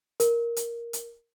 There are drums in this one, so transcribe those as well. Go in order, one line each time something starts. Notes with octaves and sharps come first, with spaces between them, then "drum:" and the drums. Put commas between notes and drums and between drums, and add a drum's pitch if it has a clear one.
A#4, drum: hi-hat
drum: hi-hat
drum: hi-hat